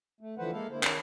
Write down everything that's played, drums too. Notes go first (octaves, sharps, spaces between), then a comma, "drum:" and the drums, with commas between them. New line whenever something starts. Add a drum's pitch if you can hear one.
A3
D3 E3 F3 B4 C5 F#5
G#3 A#3 E4 A4 F5
D3 A#3 E4 C5
D#3 C#4, drum: clap